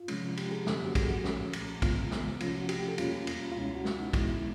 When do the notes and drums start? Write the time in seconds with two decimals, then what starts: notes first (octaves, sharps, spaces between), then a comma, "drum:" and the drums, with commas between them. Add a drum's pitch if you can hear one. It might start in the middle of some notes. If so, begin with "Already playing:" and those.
Already playing: F4
0.08 C3 F3 G#3 C#4, drum: cymbal
0.37 G4, drum: cymbal
0.51 G#4
0.66 F#2 D3 F#3 A#3 C#4 A4, drum: snare
0.76 G4
0.86 F#4
0.95 G#4, drum: kick, cymbal
1.10 F#4
1.24 A#2 F3 A3 C#4, drum: snare
1.53 drum: cymbal
1.82 D2 C#3 E3 G#3 B3 F4, drum: kick, cymbal
2.11 drum: snare
2.40 C3 F3 A3 C#4 F4, drum: cymbal
2.55 F#4
2.69 G4, drum: cymbal
2.79 G4
2.88 A4
2.98 E2 B2 G3 A#3 C#4 F4, drum: cymbal
3.27 drum: cymbal
3.52 F4
3.56 C#2 B2 G#3 C#4 E4
3.65 F4
3.75 F#4
3.85 drum: snare
4.00 D#4
4.13 B2 G#3 B3 E4, drum: kick, cymbal
4.29 E4